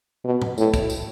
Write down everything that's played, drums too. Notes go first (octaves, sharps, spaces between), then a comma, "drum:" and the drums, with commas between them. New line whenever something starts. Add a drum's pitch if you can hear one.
B2
drum: tom A2
A2, drum: tambourine
drum: kick, tambourine
drum: tambourine